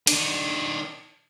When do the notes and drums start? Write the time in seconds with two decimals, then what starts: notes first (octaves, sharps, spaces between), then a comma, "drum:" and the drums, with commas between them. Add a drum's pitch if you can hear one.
0.07 D#3 D4, drum: cymbal